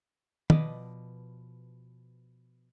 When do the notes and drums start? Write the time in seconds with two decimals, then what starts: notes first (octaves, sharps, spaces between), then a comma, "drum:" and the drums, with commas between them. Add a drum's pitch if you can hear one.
0.50 B2 F3 B4 D5 D#5, drum: tom